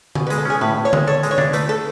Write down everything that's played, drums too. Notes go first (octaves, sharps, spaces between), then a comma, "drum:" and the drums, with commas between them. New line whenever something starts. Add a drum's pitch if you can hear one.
B2, drum: tom D3
B4
G#3, drum: hi-hat
A4
C#4 G#4
A2 B4
A2
C#5
G#3, drum: tom D3
A4 C#5
G#3, drum: hi-hat
C#5
D4, drum: tom D3
A3 B4, drum: hi-hat
A3 A4